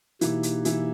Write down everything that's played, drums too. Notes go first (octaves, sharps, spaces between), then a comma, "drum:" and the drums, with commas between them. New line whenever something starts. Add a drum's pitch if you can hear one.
B2 E3 A#3 D#4 E4 G4, drum: hi-hat
drum: hi-hat
E3 E4, drum: hi-hat